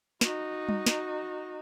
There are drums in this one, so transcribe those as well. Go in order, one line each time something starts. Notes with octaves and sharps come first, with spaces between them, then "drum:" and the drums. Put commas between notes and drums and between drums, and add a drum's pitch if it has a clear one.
D#4 F#4, drum: snare
drum: tom G3
drum: snare